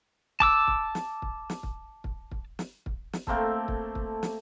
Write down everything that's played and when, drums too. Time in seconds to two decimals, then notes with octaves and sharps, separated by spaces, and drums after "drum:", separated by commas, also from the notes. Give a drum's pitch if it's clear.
0.40 A5 D6 E6, drum: kick
0.68 drum: kick
0.95 drum: snare
1.22 drum: kick
1.50 drum: snare
1.63 drum: kick
2.04 drum: kick
2.31 drum: kick
2.59 drum: snare
2.86 drum: kick
3.13 drum: snare
3.27 A3 A#3 C4 A4, drum: kick
3.68 drum: kick
3.95 drum: kick
4.23 drum: snare